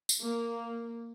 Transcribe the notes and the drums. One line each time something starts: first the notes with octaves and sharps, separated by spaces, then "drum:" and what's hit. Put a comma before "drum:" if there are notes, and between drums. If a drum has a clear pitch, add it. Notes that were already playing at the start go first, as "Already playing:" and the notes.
drum: tambourine
A#3